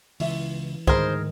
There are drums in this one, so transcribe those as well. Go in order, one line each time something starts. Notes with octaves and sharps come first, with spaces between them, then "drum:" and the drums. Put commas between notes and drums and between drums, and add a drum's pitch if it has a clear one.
C#2 E3 E5, drum: open hi-hat
D2 G#2 D#3 G#4 A#4 C5 D#5 B5, drum: kick